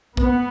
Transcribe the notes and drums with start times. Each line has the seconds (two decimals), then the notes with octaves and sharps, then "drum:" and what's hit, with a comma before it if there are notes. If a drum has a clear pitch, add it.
0.17 B3, drum: kick A#1